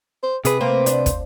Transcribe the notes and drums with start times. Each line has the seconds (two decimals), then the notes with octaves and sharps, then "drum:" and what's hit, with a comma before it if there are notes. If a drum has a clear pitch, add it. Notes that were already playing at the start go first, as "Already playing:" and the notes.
0.23 C5
0.45 C3 G#4 B4, drum: hi-hat
0.60 A#3 C4 C5
0.86 D4, drum: hi-hat
1.06 drum: kick, hi-hat